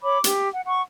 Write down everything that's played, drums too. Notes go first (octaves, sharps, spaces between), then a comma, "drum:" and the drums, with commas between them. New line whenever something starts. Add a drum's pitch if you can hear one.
C#5 B5 D6
G4, drum: hi-hat
F#5
F#5 C#6